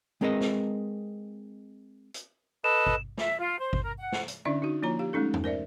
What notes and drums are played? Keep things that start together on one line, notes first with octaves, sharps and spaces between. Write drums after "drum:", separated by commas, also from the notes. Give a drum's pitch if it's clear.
G#3 C4 G#4 A#4 B4 D#5
drum: snare
drum: hi-hat
A4 B4 D#5 E7
drum: kick G#1
E5, drum: snare
F4
C5
drum: kick G#1
A#4
F#5
drum: snare
drum: hi-hat
D3 C#4 D4 E4 D5 E5
D#4 F#4
F3 A#3 E4 F4 C#5 A#5
G4 F5
G#3 A3 C#4 D#4 A4
drum: tom E2
A#4 C5 D5 E5